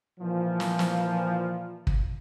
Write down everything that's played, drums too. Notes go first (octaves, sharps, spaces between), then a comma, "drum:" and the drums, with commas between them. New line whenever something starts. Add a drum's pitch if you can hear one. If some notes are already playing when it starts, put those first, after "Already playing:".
A#2 E3 F3
drum: snare
drum: snare
drum: kick